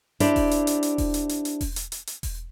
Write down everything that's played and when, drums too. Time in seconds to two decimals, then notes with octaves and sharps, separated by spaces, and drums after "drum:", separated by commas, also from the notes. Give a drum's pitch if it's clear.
0.20 D4 E4 G4 C5 D5, drum: hi-hat
0.36 drum: kick E1, open hi-hat
0.51 drum: hi-hat
0.67 drum: hi-hat
0.83 drum: hi-hat
0.98 drum: kick E1, open hi-hat
1.14 drum: hi-hat
1.29 drum: hi-hat
1.45 drum: hi-hat
1.61 drum: kick E1, open hi-hat
1.76 drum: hi-hat
1.92 drum: hi-hat
2.07 drum: hi-hat
2.23 drum: kick E1, open hi-hat